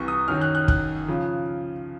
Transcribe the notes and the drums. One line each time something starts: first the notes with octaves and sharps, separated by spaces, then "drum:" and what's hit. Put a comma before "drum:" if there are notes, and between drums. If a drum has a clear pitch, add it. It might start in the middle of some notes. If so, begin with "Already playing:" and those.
Already playing: C2 C3 E3 C#6
D#6
F#2 D#3 F#3 F6
F#6
F#6
F#6, drum: kick
C#3 F3